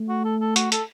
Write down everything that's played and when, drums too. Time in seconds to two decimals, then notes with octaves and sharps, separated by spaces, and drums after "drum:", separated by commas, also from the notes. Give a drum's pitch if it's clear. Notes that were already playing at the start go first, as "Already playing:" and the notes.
Already playing: A3
0.09 F#4
0.25 A4
0.41 A4
0.56 F#4, drum: hi-hat
0.72 A4, drum: hi-hat